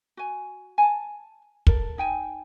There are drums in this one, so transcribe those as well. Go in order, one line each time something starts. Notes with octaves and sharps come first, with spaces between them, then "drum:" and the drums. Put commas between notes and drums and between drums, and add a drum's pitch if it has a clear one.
F#4 G#5
G#5 A5
A4 A#4, drum: kick
D#4 G5 G#5